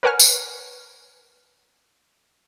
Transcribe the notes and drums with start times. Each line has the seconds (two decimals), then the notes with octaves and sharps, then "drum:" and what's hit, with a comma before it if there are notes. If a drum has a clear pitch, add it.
0.03 A#4 B4 C#5 F#5 G#5 F6
0.19 drum: tambourine